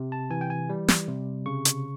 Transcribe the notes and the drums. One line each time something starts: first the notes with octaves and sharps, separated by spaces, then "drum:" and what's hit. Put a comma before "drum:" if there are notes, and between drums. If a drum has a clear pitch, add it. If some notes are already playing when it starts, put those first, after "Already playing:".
Already playing: C3
A5
E3 G#5
G5
G#5
G3
drum: snare
C3
C#3 C#6
drum: hi-hat